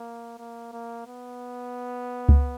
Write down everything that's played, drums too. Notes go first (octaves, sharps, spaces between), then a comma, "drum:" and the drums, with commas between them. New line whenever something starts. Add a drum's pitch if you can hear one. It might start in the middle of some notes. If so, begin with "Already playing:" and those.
Already playing: A#3
A#3
A#3
B3
drum: kick C#2